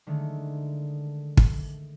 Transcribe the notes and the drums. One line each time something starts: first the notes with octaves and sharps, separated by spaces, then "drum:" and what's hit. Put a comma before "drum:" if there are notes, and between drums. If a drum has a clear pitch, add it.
D3 D#3 G#3 A3
drum: kick